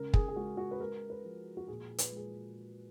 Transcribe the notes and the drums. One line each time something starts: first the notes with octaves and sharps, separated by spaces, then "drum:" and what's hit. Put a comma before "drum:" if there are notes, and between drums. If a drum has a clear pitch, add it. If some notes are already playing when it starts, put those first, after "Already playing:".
Already playing: C#3 G#3 A#4
G#4, drum: kick
G#4
G#3 F#4
F#4
B4
G#3 A#4
B4
F3
F#4
A#2 G#4
B4, drum: hi-hat
G#3 G#4